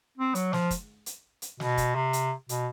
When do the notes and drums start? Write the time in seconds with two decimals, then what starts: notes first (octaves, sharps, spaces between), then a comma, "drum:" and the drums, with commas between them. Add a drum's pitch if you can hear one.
0.18 C4
0.35 F#3, drum: hi-hat
0.53 F3, drum: snare
0.71 drum: kick, hi-hat
1.06 drum: hi-hat
1.42 drum: hi-hat
1.60 B2, drum: snare
1.77 drum: kick, hi-hat
1.95 C3
2.13 drum: hi-hat
2.49 B2, drum: hi-hat